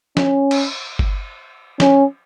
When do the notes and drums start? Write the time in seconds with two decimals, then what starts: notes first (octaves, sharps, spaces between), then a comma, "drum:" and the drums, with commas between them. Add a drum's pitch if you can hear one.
0.17 C#4, drum: snare
0.51 drum: cymbal
0.99 drum: kick G1
1.80 C#4, drum: snare